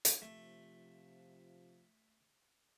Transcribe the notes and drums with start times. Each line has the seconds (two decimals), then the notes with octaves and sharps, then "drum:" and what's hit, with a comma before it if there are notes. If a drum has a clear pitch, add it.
0.05 drum: hi-hat
0.22 C3 F3 A3